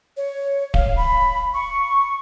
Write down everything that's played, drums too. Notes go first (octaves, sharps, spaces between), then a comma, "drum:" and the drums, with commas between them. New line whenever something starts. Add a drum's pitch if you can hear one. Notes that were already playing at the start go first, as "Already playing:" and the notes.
C#5
F5, drum: kick D1
B5
C#6